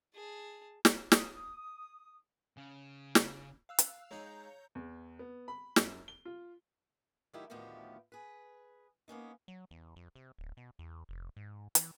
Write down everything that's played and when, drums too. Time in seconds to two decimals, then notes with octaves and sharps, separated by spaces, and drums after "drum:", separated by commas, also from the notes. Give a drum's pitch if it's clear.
0.15 G#4 A5
0.85 drum: snare
1.12 D#6, drum: snare
2.57 C#3
3.15 drum: snare
3.69 F5 E6 F#6
3.79 drum: hi-hat
4.11 G#3 D#4 C#5 A#5 G6
4.75 E2
5.19 B3
5.48 B5
5.76 F#2, drum: snare
6.08 G7
6.25 F4
7.33 D#3 F#3 A3 D#4 E4 G4
7.50 D2 A2 D#3 F3 B3 G4
8.12 G#4 B4
9.08 A#3 B3 C#4 D#4
9.48 F#3
9.71 E2
9.96 F2
10.15 C3
10.39 D1
10.57 B2
10.79 E2
11.09 F1
11.37 G#2
11.75 E3, drum: hi-hat